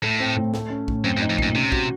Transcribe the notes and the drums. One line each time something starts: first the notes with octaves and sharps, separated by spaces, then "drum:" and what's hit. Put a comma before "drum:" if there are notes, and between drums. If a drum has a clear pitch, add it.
A2 A3
C4
A2
A3, drum: snare
C#4
A2, drum: kick
F#2 C4
F#2
D#4
F2
F#2 A#2, drum: kick
C3 C#4
F#4, drum: kick